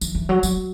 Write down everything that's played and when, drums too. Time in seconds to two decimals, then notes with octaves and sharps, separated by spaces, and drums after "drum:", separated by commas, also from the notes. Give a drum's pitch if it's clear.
0.01 E3, drum: tambourine
0.15 E3
0.29 F#3
0.43 F#3, drum: tambourine